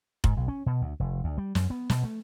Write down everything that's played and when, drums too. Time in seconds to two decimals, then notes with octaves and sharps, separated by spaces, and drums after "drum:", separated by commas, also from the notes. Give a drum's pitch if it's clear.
0.24 G#2, drum: kick F1
0.37 B1
0.48 C#4
0.66 B2
0.81 D2
1.00 F1
1.24 D2
1.38 G3
1.55 F#2, drum: snare
1.70 B3
1.90 B2, drum: snare
2.04 A3